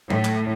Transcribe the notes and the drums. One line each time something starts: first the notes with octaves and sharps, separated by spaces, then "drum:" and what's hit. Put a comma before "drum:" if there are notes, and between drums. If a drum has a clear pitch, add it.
A2, drum: tom F#3
drum: clap